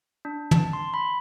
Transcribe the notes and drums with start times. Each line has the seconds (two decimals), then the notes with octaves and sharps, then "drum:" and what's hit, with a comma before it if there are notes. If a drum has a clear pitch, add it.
0.25 D4
0.51 A5, drum: tom
0.73 C6
0.94 B5